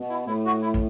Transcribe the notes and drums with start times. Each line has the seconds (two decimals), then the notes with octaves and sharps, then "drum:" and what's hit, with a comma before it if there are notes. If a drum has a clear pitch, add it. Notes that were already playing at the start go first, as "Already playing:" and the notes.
Already playing: B2
0.09 E4
0.27 A2 E4
0.45 F#4
0.62 E4
0.74 drum: kick